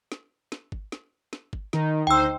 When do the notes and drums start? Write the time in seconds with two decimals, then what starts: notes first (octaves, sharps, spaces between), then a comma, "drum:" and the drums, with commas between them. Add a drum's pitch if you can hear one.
0.12 drum: snare
0.52 drum: snare
0.72 drum: kick G1
0.92 drum: snare
1.33 drum: snare
1.53 drum: kick G1
1.73 D#3 D#4, drum: snare
2.07 D2 D#4 C5 G5 E6